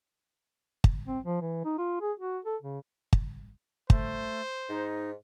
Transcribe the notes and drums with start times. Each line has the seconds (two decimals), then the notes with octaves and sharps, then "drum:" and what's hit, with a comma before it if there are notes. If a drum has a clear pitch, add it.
0.84 drum: kick
1.08 C4
1.25 F3
1.41 E3
1.64 D#4
1.78 F4
2.01 G#4
2.20 F#4
2.45 A4
2.62 C#3
3.13 drum: kick
3.90 A3 C5, drum: kick
4.69 G#2 D#4